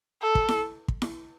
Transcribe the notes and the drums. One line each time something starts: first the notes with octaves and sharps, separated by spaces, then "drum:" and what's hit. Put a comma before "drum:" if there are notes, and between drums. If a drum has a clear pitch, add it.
A4
drum: kick
drum: snare E4
drum: kick
drum: snare E4